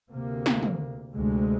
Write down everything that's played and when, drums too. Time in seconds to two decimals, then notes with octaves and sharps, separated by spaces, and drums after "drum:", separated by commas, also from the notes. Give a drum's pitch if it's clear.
0.12 D2 C3 A#3
0.46 drum: snare
0.63 drum: tom
1.13 D2 C3 G#3